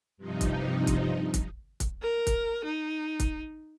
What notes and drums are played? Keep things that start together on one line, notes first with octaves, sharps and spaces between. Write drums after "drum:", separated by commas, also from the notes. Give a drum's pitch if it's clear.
G2 C3 F3 D#4
drum: kick, hi-hat
drum: kick, hi-hat
drum: kick, hi-hat
drum: kick, hi-hat
A#4
drum: kick, hi-hat
D#4
drum: kick, hi-hat